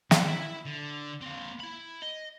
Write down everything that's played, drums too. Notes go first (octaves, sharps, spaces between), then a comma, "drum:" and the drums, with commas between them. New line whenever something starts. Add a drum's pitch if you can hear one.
D3, drum: snare
E4 E5
D3
A#3 C4
E4 B5
D#5